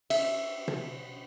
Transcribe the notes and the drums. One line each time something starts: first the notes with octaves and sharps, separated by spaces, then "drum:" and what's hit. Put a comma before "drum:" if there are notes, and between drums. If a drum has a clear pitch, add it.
E5, drum: cymbal
drum: tom